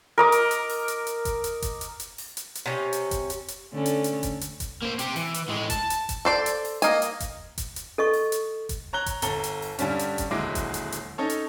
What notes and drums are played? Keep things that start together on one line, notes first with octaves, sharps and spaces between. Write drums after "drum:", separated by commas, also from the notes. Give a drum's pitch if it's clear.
A#4 D#5 D6
drum: hi-hat
drum: hi-hat
drum: open hi-hat
drum: hi-hat
drum: hi-hat
drum: kick F#1, hi-hat
drum: hi-hat
drum: kick F#1, hi-hat
drum: hi-hat
drum: hi-hat
drum: open hi-hat
drum: hi-hat
drum: hi-hat
C3 C#4
drum: hi-hat
drum: kick F#1, hi-hat
drum: hi-hat
drum: hi-hat
D3 A3 C#4
drum: hi-hat
drum: hi-hat
drum: kick F#1, hi-hat
drum: hi-hat
drum: kick F#1, hi-hat
A#3 C5
C4 G4, drum: hi-hat
E3, drum: open hi-hat
drum: hi-hat
A2 G#3
A5, drum: kick F#1, hi-hat
drum: hi-hat
drum: kick F#1, hi-hat
A4 C5 D5
drum: hi-hat
drum: open hi-hat
A#3 D#5 G#5, drum: hi-hat
drum: hi-hat
drum: kick F#1, hi-hat
drum: kick F#1, hi-hat
drum: hi-hat
A4 D#5 C#6
drum: open hi-hat
drum: hi-hat
drum: kick F#1, hi-hat
C#5 A#5 F#6 G7
drum: kick F#1, hi-hat
G1 A4 A#5 G7, drum: hi-hat
drum: hi-hat
drum: open hi-hat
G2 D3 G3 C#4, drum: hi-hat
drum: hi-hat
drum: kick F#1, hi-hat
D#1 D2 F#3 G#3 E4 D6
drum: kick F#1, hi-hat
drum: hi-hat
drum: hi-hat
C#4 D#4 A4 C#5
drum: hi-hat